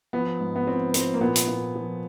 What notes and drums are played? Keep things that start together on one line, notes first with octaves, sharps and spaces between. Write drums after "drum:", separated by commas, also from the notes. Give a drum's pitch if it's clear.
F3 B3
G#2
B3
F3 C4
F3 C4, drum: hi-hat
A#3
A#2 B3
drum: hi-hat
A#2
F3